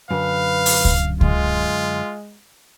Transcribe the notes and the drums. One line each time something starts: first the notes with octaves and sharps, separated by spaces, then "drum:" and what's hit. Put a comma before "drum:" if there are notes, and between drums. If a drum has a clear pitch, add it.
F#2 D3 B4 F5
drum: open hi-hat
drum: kick C#2
G#3 F4, drum: kick C#2